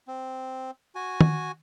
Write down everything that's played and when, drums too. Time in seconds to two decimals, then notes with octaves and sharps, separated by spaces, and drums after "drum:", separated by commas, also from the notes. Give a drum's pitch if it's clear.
0.08 C4
0.95 F#4 G#5
1.21 drum: tom